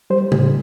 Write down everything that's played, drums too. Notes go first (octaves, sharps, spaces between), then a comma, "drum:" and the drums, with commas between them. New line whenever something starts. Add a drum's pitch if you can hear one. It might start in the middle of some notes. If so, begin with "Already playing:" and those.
G3 C5
A2, drum: tom C#3